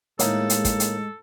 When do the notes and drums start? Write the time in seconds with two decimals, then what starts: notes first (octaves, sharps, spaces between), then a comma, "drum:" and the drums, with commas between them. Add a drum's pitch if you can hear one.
0.19 A2 D#3 G#3 A#3 A4 D#6, drum: hi-hat
0.50 drum: hi-hat
0.65 drum: kick, hi-hat
0.80 drum: hi-hat